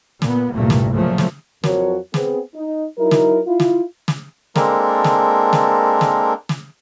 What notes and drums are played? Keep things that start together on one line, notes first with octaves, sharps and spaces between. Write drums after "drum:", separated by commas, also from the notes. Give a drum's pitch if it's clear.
A#2 B3, drum: snare
C2 G2 A#2 A3 A#3
drum: snare
A#2 C#3 F3 F#3 A3
drum: snare
F2 F3 F#3 F#4 A#4 C#5, drum: snare
B3 C4 G#4, drum: snare
D#4
F#3 D#4 E4 A#4
drum: snare
E4 F4
drum: snare
drum: snare
G#3 A#3 C4 D4 A4 A#4, drum: snare
drum: snare
drum: snare
drum: snare
drum: snare